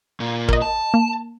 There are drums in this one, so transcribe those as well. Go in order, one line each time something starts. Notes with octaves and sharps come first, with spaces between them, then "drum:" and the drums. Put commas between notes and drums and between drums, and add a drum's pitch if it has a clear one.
A#2
A#4 D#5, drum: kick
A5
A#3